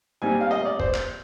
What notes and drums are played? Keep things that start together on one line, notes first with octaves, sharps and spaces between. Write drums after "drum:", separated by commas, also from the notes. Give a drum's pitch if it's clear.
A#2 G3 C4 D#4 G#5
F5
D#5
D5
C5, drum: kick
drum: clap